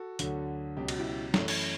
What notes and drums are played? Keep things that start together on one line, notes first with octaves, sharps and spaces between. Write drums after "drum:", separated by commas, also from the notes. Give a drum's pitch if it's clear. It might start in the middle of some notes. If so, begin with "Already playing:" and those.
Already playing: F#4 A4
D2 D3 F#3, drum: hi-hat
C#2 B2 F#3 G4
F#4, drum: cymbal
E4 G4
F#2 E3 A3 C#4, drum: snare
drum: cymbal